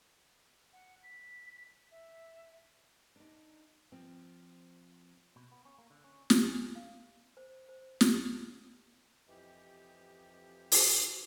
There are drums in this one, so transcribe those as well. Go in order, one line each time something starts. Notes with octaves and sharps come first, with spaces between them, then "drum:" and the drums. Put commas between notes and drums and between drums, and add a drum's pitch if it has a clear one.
F#5
B6
E5
D4 D#4
F3 C4
B2
B3
C#4
A#3
D3
C#4
drum: snare
D4
F5
C5
C5
drum: snare
F2 E3 G4 D#5
drum: open hi-hat